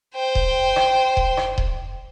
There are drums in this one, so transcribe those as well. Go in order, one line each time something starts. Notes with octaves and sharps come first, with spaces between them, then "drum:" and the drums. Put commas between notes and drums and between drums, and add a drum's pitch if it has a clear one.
C5 G5
drum: kick D#1
drum: rim click
drum: kick D#1
drum: rim click
drum: kick D#1